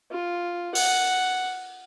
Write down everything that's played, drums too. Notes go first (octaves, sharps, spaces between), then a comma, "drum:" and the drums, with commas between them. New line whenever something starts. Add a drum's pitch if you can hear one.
F4
F#5, drum: open hi-hat